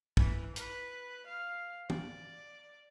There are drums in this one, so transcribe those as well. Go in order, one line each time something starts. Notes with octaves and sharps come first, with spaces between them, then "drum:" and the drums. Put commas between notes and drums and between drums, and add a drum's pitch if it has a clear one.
E3, drum: kick
B4, drum: hi-hat
F5
D5, drum: tom